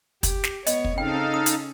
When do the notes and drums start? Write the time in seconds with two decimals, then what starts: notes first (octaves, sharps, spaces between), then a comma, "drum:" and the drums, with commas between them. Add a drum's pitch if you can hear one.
0.23 G4, drum: kick, hi-hat
0.44 drum: snare
0.67 B3 C#5 D#5, drum: hi-hat
0.85 drum: kick
0.98 C#3 C4 D#4 A4 F5 G5
1.34 C#4 D#6
1.46 drum: hi-hat